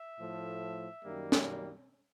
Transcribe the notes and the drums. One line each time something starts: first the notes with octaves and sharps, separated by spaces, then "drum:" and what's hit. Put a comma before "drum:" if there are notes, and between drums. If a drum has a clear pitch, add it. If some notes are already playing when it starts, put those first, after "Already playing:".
Already playing: E5
A2 F3 A3
F#2 D#3 G3 A#3
drum: snare